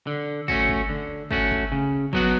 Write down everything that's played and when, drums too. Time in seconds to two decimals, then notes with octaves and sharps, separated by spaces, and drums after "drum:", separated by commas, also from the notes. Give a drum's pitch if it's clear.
0.07 D3
0.48 A3 C#4 F#4, drum: kick
0.69 drum: kick
0.89 D3
1.31 A3 C#4 F#4, drum: kick
1.51 drum: kick
1.72 C#3
2.13 F#3 B3 F#4, drum: kick